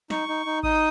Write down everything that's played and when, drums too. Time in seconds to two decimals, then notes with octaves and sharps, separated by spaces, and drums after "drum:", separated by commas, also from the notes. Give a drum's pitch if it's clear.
0.10 D#4 C#6, drum: snare
0.28 D#4
0.46 D#4
0.63 D#4 D#6, drum: kick G#1